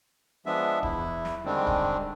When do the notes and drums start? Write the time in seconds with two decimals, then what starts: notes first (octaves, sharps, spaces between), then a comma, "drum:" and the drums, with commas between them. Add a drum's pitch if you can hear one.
0.46 F3 G#3 B3 D4 E5
0.83 E2 E4, drum: kick D1
1.25 drum: snare
1.45 D3 D#3 G3 G#3 C4 D4
1.67 drum: kick D1